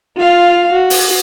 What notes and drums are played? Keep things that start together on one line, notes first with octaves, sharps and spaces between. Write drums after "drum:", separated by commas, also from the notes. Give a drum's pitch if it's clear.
F4 F5
F#4
drum: open hi-hat